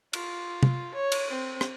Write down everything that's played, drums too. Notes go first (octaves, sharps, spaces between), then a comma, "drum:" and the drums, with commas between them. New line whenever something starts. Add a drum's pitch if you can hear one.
F4, drum: cymbal
drum: tom
C#5
drum: cymbal
C4
drum: rim click